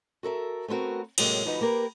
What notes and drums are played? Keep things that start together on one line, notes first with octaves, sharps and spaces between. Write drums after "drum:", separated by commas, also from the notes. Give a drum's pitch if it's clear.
F#4 A4 A#4 E5
A3 B3 C4 F#4 A#4
A2 C3 F#3 G#3 A#3, drum: cymbal
D2 F3 B3 D#4 F#4 B4
A#3 G4 A#4 B4